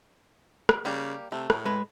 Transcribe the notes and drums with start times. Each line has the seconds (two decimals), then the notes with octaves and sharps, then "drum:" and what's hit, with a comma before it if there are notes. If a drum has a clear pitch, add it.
0.69 drum: rim click
0.85 C#3 G3 A#3 G4
1.32 C3 A3
1.50 A2, drum: rim click
1.65 G#3 B4